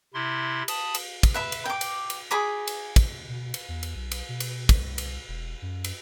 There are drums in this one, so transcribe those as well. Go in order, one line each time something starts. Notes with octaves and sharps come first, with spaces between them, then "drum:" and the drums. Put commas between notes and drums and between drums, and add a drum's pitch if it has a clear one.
C3 E4 C6
A5 B5 D#6, drum: cymbal
drum: cymbal
drum: kick, cymbal
B4 E5 B5
drum: cymbal
G5 D6
drum: cymbal
drum: cymbal
G#4 B5 D6
drum: cymbal
drum: kick, cymbal
B2
drum: cymbal
E2
drum: cymbal
B1
drum: cymbal
B2
drum: cymbal
C2, drum: kick, cymbal
drum: cymbal
E1
F#2
drum: cymbal